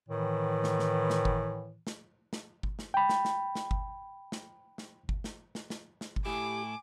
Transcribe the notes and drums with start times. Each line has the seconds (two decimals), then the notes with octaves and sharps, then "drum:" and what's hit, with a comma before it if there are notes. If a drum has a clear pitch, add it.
0.09 A2 D#3 E3
0.64 drum: snare
0.79 drum: snare
1.10 drum: snare
1.25 drum: kick G1
1.87 drum: snare
2.33 drum: snare
2.63 drum: kick G1
2.79 drum: snare
2.94 G5 B5
3.09 drum: snare
3.25 drum: snare
3.55 drum: snare
3.71 drum: kick G1
4.32 drum: snare
4.78 drum: snare
5.09 drum: kick G1
5.24 drum: snare
5.55 drum: snare
5.70 drum: snare
6.01 drum: snare
6.16 drum: kick G1
6.25 A2 E4 G4 G#5 D6